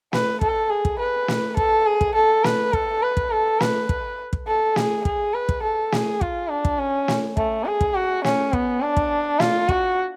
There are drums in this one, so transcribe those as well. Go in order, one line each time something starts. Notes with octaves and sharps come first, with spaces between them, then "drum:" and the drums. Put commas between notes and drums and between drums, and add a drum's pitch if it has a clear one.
B4, drum: snare
A4, drum: kick
G#4
drum: kick
B4
drum: snare
A4, drum: kick
G#4
drum: kick
A4
B4, drum: snare
A4, drum: kick
B4
drum: kick
A4
B4, drum: snare
drum: kick
drum: kick
A4
G#4, drum: snare
G#4, drum: kick
B4
drum: kick
A4
G#4, drum: snare
F4, drum: kick
D4
drum: kick
C#4
drum: snare
A3, drum: kick
G#4
drum: kick
F#4
C#4, drum: snare
B3, drum: kick
D4
drum: kick
F4, drum: snare
F#4, drum: kick